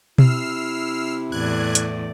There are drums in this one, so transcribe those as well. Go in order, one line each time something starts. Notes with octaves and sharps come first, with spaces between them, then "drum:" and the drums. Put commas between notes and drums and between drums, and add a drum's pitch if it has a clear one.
C3 E4 E6 F6 C7, drum: tom B2
E2 A2 D5 F#6 G#6
drum: hi-hat